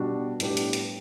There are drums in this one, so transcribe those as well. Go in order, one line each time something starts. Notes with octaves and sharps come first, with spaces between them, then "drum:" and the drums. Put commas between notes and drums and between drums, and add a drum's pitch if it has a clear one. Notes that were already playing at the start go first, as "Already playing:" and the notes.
Already playing: B2 G3 D4 F#4
A2 G3 B3 D4 G4, drum: hi-hat
drum: hi-hat
drum: hi-hat